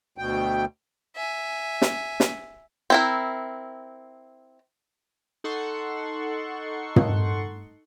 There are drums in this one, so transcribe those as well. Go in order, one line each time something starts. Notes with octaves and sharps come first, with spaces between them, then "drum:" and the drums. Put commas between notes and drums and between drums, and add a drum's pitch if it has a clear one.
D2 B2 G5
E5 G#5
drum: snare
drum: snare
C4 E4 A#4
D#4 A4 F#5 C6 C#6
drum: tom